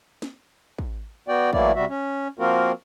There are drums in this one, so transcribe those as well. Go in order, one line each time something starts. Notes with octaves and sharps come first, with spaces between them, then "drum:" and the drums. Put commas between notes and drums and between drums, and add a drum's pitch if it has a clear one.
drum: snare
drum: kick
B3 F#4 D5 G5
E3 F#3 A3 A#3 E4 D5, drum: kick
C3 G3 F#4 E5
C#4
F3 A#3 C4 F4 F#4 A#4